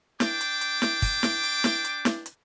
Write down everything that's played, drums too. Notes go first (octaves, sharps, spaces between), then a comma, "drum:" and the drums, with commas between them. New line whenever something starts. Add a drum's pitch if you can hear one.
D4 G5 D6, drum: snare
drum: hi-hat
drum: hi-hat
drum: snare
drum: kick, open hi-hat
drum: snare
drum: hi-hat
drum: snare
drum: hi-hat
drum: snare
drum: hi-hat